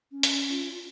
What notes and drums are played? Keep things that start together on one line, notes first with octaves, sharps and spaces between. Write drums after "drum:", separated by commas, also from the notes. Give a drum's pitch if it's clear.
C#4
drum: hi-hat
F4
F4